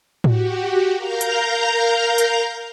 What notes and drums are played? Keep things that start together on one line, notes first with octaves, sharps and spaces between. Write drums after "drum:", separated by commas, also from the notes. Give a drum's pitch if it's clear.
F#4 G4, drum: tom A2
A#4 F5 A#5 F6 G6
drum: hi-hat
drum: hi-hat